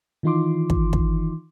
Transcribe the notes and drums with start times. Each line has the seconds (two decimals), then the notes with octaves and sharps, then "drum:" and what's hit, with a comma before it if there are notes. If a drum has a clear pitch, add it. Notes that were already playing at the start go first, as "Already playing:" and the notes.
0.23 D#3 E3 D#4 F4 C6 D6
0.70 drum: kick
0.93 drum: kick